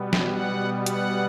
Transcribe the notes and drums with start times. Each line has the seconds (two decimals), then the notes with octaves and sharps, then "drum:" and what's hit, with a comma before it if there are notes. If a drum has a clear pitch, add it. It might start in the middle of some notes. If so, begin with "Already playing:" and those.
Already playing: B2 G3 B3
0.13 drum: snare
0.31 F#5
0.86 F#5, drum: hi-hat